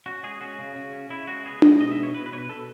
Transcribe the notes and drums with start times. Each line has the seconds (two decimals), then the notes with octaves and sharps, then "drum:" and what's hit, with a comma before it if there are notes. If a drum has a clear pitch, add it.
0.06 C#4 F#4
0.23 G#3 G#4
0.41 C#4 F#4
0.59 C#3
0.76 C#3
0.93 C#4
1.10 C#3 E4
1.27 G#3 F#4
1.45 B3 G#4
1.62 G#3 D#5, drum: tom D4
1.80 B2 D#5
1.91 E5
1.98 B2
2.03 C#5
2.14 B2 B4
2.26 B4
2.33 B2 C#5
2.38 B4
2.49 B2 A4